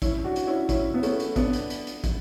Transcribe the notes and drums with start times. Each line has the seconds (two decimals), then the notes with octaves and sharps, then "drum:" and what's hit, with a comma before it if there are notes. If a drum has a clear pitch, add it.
0.02 C#4 E4, drum: kick, hi-hat
0.24 D4 F#4
0.36 drum: hi-hat
0.47 C#4 E4
0.69 C#4 E4, drum: kick, hi-hat
0.94 B3
1.03 A3 C#4, drum: hi-hat
1.20 drum: hi-hat
1.36 B3 D4, drum: kick, hi-hat
1.53 drum: hi-hat
1.70 drum: hi-hat
1.87 drum: hi-hat
2.04 drum: kick, hi-hat